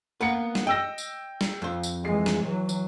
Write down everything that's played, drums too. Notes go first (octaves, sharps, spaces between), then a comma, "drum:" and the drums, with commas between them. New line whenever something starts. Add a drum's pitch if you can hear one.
A#3 B3 B4 F#5 C#7
drum: snare
D#5 G5 E6 A#6
drum: tambourine
drum: snare
F2 C5
drum: tambourine
E3 G#3 C7
drum: snare
E3 F#3
drum: tambourine